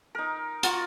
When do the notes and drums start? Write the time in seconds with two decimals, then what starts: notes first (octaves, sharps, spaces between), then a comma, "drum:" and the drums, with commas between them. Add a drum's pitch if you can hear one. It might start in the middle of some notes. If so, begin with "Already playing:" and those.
0.15 D#4 A#4
0.63 F4 F#4, drum: hi-hat